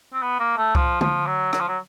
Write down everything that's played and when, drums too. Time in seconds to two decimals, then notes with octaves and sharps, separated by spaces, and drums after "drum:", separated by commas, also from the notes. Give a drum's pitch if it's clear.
0.13 C4
0.22 B3
0.40 A#3
0.57 A3
0.75 F3, drum: kick C2
1.01 F3, drum: tom D3
1.26 F#3
1.53 F#3, drum: rim click
1.60 F3
1.68 F#3